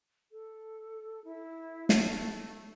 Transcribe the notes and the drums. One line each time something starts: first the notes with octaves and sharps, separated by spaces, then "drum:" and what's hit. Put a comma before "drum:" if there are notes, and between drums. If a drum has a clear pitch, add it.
A4
E4
A3, drum: snare